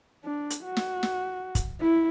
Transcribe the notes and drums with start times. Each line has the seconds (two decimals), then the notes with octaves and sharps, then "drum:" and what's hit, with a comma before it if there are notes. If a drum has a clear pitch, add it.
0.25 D4
0.50 drum: hi-hat
0.64 F#4
0.77 drum: snare
1.03 drum: snare
1.55 drum: kick, hi-hat
1.81 E4